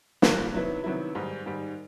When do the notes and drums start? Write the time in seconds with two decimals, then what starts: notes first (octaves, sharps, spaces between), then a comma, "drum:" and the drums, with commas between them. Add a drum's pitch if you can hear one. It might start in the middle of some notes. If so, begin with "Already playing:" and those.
0.22 G2 D3 F3 A#3, drum: snare
0.53 C3 D#3 F#3 B3 E4
0.84 C3 D#3 F#3 B3 E4
1.15 G#2 D#3 G3
1.46 G#2 D#3 G3